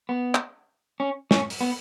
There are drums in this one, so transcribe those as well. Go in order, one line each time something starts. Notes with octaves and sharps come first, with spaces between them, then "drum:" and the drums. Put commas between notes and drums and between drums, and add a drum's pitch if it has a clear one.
B3
drum: clap
C#4
C#4, drum: snare
drum: open hi-hat
B3